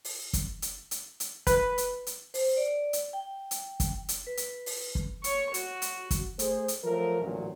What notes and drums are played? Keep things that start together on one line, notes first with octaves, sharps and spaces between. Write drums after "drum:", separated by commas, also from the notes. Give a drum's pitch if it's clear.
drum: open hi-hat
drum: kick, hi-hat
drum: hi-hat
drum: hi-hat
drum: hi-hat
B4, drum: kick, hi-hat
drum: hi-hat
drum: hi-hat
C5, drum: open hi-hat
D5
drum: hi-hat
G5
drum: hi-hat
drum: kick, hi-hat
drum: hi-hat
B4
drum: hi-hat
drum: open hi-hat
drum: kick
C#5 C#6, drum: hi-hat
F#4, drum: hi-hat
drum: hi-hat
drum: kick, hi-hat
A3 G#4 C5, drum: hi-hat
drum: hi-hat
F3 F#3 A3 A#4
A1 D2 A#2 F#3